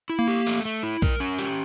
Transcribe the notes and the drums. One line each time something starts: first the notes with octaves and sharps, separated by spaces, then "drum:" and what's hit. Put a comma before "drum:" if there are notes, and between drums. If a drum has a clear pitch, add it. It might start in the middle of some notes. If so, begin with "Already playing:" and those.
E4
A#3
G4
A3, drum: open hi-hat
A3
E4
A#4, drum: kick A#1
C#4
G4, drum: hi-hat